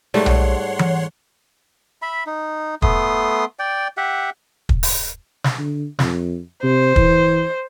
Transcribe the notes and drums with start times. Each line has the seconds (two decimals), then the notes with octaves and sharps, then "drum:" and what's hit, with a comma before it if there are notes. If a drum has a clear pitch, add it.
0.14 G#2 G3 A3 C#5 F#5 C6
0.26 drum: tom B1
0.79 drum: tom E3
2.02 E5 B5
2.27 D#4
2.82 A3 B3 C6 D#6, drum: kick
3.59 D5 G5
3.97 G4 E5 F#5
4.69 drum: kick
4.83 drum: open hi-hat
5.44 drum: snare
5.59 D3
5.99 F2, drum: snare
6.63 C3 C5
6.96 E3, drum: kick